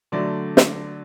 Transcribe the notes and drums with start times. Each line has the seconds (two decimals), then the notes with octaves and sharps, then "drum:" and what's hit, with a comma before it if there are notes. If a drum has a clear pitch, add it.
0.12 D3 F#3 A3 D5
0.57 drum: snare